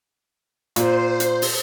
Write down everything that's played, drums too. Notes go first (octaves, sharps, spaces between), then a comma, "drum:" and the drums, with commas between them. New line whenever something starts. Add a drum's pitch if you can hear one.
A#2 C5, drum: hi-hat
drum: hi-hat
drum: open hi-hat